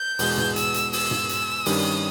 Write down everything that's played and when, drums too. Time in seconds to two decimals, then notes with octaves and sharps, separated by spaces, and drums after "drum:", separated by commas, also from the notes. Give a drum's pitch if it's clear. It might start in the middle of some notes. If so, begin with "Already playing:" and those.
Already playing: G6
0.19 E2 B2 G#3, drum: open hi-hat
0.38 drum: tom G#2
0.56 E6, drum: hi-hat
0.74 drum: hi-hat
0.93 E6, drum: open hi-hat
1.11 drum: tom G#2
1.29 drum: hi-hat
1.66 G2 D#3 G3 C#4 D#6, drum: open hi-hat